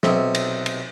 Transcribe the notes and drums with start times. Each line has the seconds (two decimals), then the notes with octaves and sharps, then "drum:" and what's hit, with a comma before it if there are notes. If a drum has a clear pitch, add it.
0.03 B1 C3, drum: snare
0.35 drum: cymbal
0.66 drum: cymbal